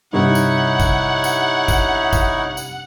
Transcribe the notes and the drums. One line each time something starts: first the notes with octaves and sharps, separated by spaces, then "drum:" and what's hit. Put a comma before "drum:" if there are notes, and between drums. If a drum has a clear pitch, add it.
G2 C3 D#3 D#4 E4 C#5 F#5
drum: tambourine
drum: kick A1, tambourine
drum: tambourine
drum: kick A1, tambourine
drum: kick A1, tambourine
drum: tambourine